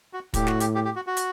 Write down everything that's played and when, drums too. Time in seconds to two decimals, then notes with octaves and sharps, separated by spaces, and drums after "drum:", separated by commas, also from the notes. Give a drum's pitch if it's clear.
0.13 F#4
0.34 A2 G4, drum: kick, hi-hat
0.47 F#4, drum: snare
0.60 G4, drum: hi-hat
0.75 G4
0.85 G4
0.96 F#4
1.07 F#4
1.17 drum: hi-hat